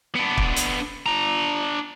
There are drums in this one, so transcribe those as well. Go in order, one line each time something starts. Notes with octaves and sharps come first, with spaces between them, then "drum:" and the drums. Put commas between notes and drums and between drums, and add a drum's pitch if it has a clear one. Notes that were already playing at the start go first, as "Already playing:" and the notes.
B3 D4
drum: kick
drum: hi-hat
D4 A#5